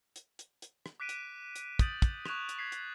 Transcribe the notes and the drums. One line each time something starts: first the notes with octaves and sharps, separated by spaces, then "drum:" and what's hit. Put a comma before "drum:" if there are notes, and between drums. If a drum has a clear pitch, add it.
drum: hi-hat
drum: hi-hat
drum: hi-hat
drum: rim click
D6 F#6 B6 D7 D#7
drum: hi-hat
drum: hi-hat
D#6 G6 A6 F#7, drum: kick, hi-hat
drum: kick, hi-hat
C#6 F#6 G#6 E7 F7, drum: rim click
drum: hi-hat
G#6 B6 C7
drum: hi-hat